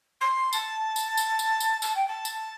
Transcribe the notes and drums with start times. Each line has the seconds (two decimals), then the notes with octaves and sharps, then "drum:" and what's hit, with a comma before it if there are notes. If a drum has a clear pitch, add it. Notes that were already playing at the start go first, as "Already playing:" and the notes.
0.21 C6
0.53 A5, drum: tambourine
0.96 drum: tambourine
1.17 drum: tambourine
1.39 drum: tambourine
1.60 drum: tambourine
1.82 A5, drum: tambourine
1.95 G5
2.07 A5
2.25 drum: tambourine